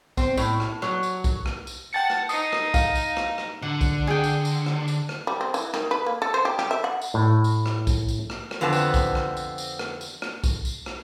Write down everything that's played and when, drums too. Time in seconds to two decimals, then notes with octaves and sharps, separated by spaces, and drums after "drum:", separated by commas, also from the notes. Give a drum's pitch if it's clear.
0.17 C4, drum: kick B1, tambourine
0.37 A2, drum: tambourine
0.60 drum: rim click
0.82 F#3, drum: rim click
1.03 drum: tambourine
1.24 drum: kick B1, tambourine
1.46 drum: rim click
1.67 drum: tambourine
1.93 F#5 G5 A5 A6 C#7
2.10 drum: rim click
2.29 D#4 D#6 C7 C#7, drum: tambourine
2.53 drum: rim click
2.74 F5, drum: kick B1, tambourine
2.95 drum: tambourine
3.17 drum: rim click
3.38 drum: rim click
3.62 D3 F#5
3.81 drum: kick B1, tambourine
4.07 G#4 G5
4.24 drum: tambourine
4.45 drum: tambourine
4.66 drum: rim click
4.88 drum: tambourine
5.09 drum: rim click
5.27 G3
5.41 C4
5.54 E3, drum: tambourine
5.74 D#3, drum: rim click
5.91 B4
6.06 A#3
6.22 A4
6.34 C5
6.45 G4
6.59 G4, drum: rim click
6.71 E5
6.84 F#5
7.02 drum: tambourine
7.14 A2
7.44 drum: tambourine
7.66 drum: rim click
7.87 drum: kick B1, tambourine
8.08 drum: tambourine
8.30 drum: rim click
8.51 drum: rim click
8.61 F2 D3 B3 C4 G#5 A5
8.73 drum: tambourine
8.94 drum: kick B1, tambourine
9.15 drum: rim click
9.37 drum: tambourine
9.58 drum: tambourine
9.79 drum: rim click
10.01 drum: tambourine
10.22 drum: rim click
10.44 drum: kick B1, tambourine
10.65 drum: tambourine
10.86 drum: rim click